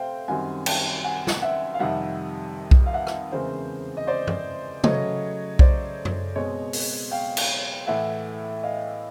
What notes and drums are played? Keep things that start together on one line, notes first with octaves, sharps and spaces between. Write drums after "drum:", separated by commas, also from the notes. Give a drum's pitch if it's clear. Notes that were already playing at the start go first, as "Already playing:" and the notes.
Already playing: C3 A3 C4 C5 F5 G5
F#2 D#3 G3 C4 F#5 G#5
G5 A5, drum: cymbal
F#5 G#5
drum: snare
E5 F#5
F5
F2 C3 D#3 G3 E5 F#5
drum: kick B1
F5
E5 F#5
drum: rim click
E2 C#3 E3 G#3 C4 A#4 C5
D#5
C5 D5
drum: tom G2
C#3 F#3 A3 C#5 D#5, drum: tom
C5 D5, drum: kick B1
drum: tom F#2
B2 G#3 C4 C#5 D#5
drum: open hi-hat
F5 G5
drum: cymbal
A2 E3 A3 E5 F#5
D#5 F5